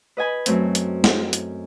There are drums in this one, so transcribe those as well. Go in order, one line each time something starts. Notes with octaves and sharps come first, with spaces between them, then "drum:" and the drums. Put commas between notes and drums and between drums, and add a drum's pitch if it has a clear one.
B4 D#5 G#5 B5
F#2 A3 C4, drum: hi-hat
drum: hi-hat
drum: snare
drum: hi-hat